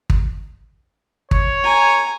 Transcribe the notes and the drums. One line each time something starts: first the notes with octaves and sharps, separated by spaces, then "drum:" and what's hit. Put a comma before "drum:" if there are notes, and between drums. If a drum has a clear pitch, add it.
drum: kick
C#5, drum: kick
G#5 A#5